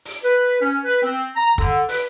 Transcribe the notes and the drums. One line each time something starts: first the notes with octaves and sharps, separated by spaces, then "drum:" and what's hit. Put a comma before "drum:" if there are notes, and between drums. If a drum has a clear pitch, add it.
drum: open hi-hat
B4
C#4
B4
C4
A#5
D3, drum: kick
B4, drum: open hi-hat